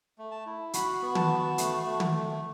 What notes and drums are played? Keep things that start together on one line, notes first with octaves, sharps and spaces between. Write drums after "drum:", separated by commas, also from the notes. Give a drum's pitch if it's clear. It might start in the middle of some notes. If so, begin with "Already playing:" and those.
A3
A5
E4
F#4 B5, drum: hi-hat
B3
A5, drum: tom
F#4
A3, drum: hi-hat
A3
drum: tom
A3